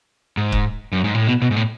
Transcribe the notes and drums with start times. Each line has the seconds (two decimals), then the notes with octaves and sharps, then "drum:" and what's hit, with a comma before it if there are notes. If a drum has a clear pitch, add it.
0.37 G#2
0.52 drum: kick C#1
0.92 F#2
1.04 G#2
1.15 A2
1.27 B2
1.42 B2
1.51 G#2
1.56 A2